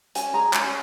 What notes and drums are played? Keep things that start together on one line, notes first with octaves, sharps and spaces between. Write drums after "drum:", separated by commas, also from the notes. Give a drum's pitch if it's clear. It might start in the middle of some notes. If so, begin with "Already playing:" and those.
C#4 G#5, drum: hi-hat
G#4 A#5
C#4 G#5, drum: clap